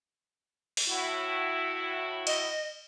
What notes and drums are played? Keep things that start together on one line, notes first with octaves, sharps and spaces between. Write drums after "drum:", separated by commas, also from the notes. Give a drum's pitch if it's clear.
drum: open hi-hat
A2 E4 F#4
D#5, drum: cymbal